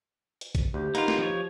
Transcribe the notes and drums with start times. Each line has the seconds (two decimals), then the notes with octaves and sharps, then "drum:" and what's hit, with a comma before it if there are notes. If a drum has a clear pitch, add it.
0.41 drum: hi-hat
0.55 drum: kick, hi-hat
0.74 D2 G4
0.95 A#3 D#4 F4 B4 F#5, drum: hi-hat
1.08 drum: snare
1.18 F3 C#5